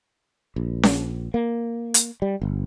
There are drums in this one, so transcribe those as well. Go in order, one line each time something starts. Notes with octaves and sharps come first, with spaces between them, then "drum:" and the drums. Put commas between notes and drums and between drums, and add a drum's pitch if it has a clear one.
A#1
drum: snare C#4
A#3
drum: hi-hat
G3
G1